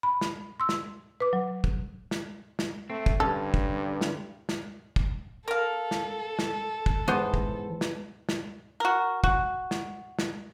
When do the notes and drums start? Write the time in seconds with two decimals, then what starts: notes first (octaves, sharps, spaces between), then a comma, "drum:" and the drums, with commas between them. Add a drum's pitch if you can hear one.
0.03 B5
0.21 drum: snare
0.60 C6 E6
0.69 drum: snare
1.20 B4 D6
1.33 F#3
1.64 drum: kick
2.11 drum: snare
2.59 drum: snare
2.90 A3 C4
3.06 drum: kick
3.20 G2 D3 C#4 A4
3.54 drum: kick
4.01 drum: snare
4.49 drum: snare
4.96 drum: kick
5.48 A4 A#4 F5
5.91 drum: snare
6.39 drum: snare
6.86 drum: kick
7.08 E2 G#2 B3 C5
7.34 drum: kick
7.81 drum: snare
8.29 drum: snare
8.80 F#4 A#4
9.24 F#4, drum: kick
9.71 drum: snare
10.19 drum: snare